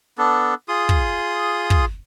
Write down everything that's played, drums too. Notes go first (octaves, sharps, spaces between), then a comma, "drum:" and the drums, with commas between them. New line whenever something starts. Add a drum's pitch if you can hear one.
B3 D4 A4
F4 G#4 C6 D#6
drum: kick
drum: kick